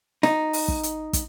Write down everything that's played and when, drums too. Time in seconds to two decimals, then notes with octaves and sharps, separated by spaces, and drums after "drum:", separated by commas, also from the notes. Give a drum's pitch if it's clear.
0.23 D#4, drum: snare
0.53 drum: open hi-hat
0.68 drum: kick
0.83 drum: hi-hat
1.13 drum: kick, hi-hat